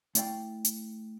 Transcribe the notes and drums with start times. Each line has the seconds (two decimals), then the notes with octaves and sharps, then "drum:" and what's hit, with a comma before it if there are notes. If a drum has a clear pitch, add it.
0.15 A3 E4 D5 F5 G5, drum: hi-hat
0.65 drum: hi-hat